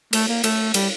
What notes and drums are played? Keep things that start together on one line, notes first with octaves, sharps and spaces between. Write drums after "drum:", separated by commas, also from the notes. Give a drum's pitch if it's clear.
A3, drum: cymbal
A#3
A3, drum: cymbal
G3, drum: cymbal